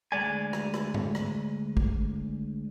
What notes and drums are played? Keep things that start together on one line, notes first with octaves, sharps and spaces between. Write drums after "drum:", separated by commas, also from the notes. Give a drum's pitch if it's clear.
D2 G#3 D5 G#5
drum: rim click
drum: rim click
drum: tom G#2
drum: rim click
drum: kick